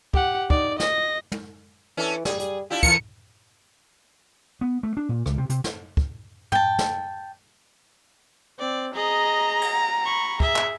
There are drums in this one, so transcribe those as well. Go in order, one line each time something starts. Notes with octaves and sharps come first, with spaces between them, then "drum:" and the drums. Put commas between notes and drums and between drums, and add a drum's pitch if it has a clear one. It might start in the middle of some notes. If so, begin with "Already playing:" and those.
G4 F#5, drum: kick
D#4 D5, drum: kick
D#5 A#6, drum: snare
drum: tom
E3 C#4 D4 A4
G3 G#4, drum: snare
G3, drum: hi-hat
D4 E4 F4 G4
D3 E3 A#4 C#7, drum: kick
B3
A3
D4
A#2
C#2, drum: rim click
C3
C3, drum: hi-hat
drum: snare
drum: kick
G5 A5, drum: tom
drum: snare
C4 D5
G#4 D#5 A#5
drum: cymbal
B5 C#6
G#4 E5, drum: kick
drum: clap